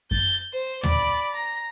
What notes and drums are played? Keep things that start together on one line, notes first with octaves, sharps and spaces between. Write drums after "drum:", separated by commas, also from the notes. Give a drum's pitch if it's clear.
G6 A6, drum: kick F#2
C5
D5 B5, drum: tom
A#5